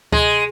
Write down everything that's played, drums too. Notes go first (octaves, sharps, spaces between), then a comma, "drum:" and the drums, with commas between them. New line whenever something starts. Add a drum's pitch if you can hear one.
G#3, drum: kick D2